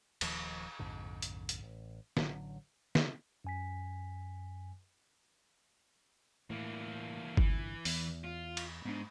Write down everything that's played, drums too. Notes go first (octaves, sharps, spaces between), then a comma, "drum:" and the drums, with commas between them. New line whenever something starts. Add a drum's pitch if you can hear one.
D#1 D#2 D#3 F3, drum: cymbal
A#1 F2 G#2 D3
drum: hi-hat
drum: hi-hat
A1
A1 D3 F#3, drum: snare
drum: snare
F#2 G#5 B6
A2 E3 A#3
G1 C2 E3, drum: kick G1
E2, drum: open hi-hat
F4
drum: cymbal
G#2 B3 D4